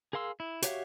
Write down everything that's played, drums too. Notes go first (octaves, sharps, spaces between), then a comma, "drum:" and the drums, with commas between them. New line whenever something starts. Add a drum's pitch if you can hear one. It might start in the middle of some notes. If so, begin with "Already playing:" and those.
G#4 A#4 F5 C6 E6
E4
F#4 G4 C#5 E5 F5, drum: hi-hat